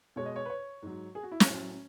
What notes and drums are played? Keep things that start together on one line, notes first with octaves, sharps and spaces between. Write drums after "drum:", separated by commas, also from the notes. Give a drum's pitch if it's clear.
B2 G#3 C#5
D#5
C#5
B4
C#5
G#2 F#3
G#4
F#4
E4
C#4, drum: snare
A2 F#3